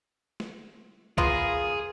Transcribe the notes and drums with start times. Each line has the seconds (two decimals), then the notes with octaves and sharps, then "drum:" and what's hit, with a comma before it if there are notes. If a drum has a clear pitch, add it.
0.40 drum: snare
1.18 B3 F4 G#4 A#4, drum: kick B1